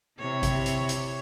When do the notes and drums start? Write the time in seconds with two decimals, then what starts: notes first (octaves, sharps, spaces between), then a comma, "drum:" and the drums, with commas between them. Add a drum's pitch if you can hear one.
0.20 C3 E4 C#5
0.43 drum: kick G#1, hi-hat
0.66 drum: hi-hat
0.89 drum: hi-hat